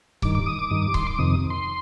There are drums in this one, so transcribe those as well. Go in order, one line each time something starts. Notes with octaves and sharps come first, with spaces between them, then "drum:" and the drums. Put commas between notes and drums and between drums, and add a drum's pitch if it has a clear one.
G2 D#3 D6, drum: kick C#1
D6
D#6
D6
G2 D#3 D#6
D6
C6, drum: kick C#1
D6
F2 C3 D#3 D#6
C6